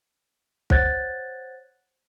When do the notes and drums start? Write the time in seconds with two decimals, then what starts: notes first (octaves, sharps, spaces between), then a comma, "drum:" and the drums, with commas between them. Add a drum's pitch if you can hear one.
0.70 C5 C#5 F#5 F#6 G#6 A6, drum: kick